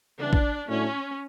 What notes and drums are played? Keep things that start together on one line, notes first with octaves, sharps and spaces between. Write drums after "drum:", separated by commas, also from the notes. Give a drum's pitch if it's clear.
C#3 E3 G3 B3 D4
drum: kick A1
A2 F#3 A3 C#4 D4